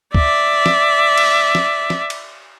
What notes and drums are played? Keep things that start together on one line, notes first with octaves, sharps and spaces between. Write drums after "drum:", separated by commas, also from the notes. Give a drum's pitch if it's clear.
D5 E5, drum: kick
drum: snare
drum: cymbal
drum: snare
drum: snare
drum: cymbal